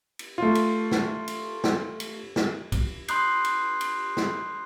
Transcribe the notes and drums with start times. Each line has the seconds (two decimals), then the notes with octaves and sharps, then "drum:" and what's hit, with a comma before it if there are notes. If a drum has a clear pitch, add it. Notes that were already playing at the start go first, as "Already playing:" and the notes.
0.19 drum: cymbal
0.38 A3 F4
0.55 drum: cymbal
0.91 drum: snare
1.28 drum: cymbal
1.64 drum: snare
2.00 drum: cymbal
2.36 drum: snare
2.72 drum: kick B1, cymbal
3.08 B5 C6 D#6 F#6 G6 C7, drum: cymbal
3.45 drum: cymbal
3.81 drum: cymbal
4.17 drum: snare